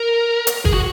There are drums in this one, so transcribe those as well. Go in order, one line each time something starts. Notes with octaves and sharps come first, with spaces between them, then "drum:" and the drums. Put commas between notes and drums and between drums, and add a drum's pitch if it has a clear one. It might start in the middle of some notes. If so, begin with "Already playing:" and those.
Already playing: A#4
drum: hi-hat
G#4, drum: kick G1
F#4